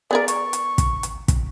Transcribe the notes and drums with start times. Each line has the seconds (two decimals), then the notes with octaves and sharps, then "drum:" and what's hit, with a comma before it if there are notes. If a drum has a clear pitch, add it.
0.11 B3 G#4 A#4 D5
0.28 C#6, drum: hi-hat
0.53 drum: hi-hat
0.78 drum: kick, hi-hat
1.03 drum: hi-hat
1.28 drum: kick, hi-hat